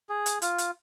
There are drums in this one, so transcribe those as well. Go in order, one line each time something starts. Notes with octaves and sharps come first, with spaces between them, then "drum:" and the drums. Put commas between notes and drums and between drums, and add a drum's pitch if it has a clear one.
G#4
drum: hi-hat
F4, drum: hi-hat
drum: hi-hat